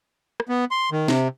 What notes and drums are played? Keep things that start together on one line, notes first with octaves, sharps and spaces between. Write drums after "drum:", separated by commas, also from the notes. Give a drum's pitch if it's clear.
drum: rim click
B3
C6
D#3
C3, drum: snare